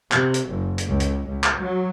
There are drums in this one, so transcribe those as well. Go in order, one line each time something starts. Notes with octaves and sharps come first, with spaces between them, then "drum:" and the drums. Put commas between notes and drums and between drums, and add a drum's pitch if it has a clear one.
C3, drum: clap
drum: hi-hat
F#1
drum: hi-hat
C#2
drum: hi-hat
C#2
drum: clap
F#3